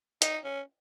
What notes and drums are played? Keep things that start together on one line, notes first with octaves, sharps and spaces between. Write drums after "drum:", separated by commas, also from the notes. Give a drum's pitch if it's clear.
D#4, drum: hi-hat
C#4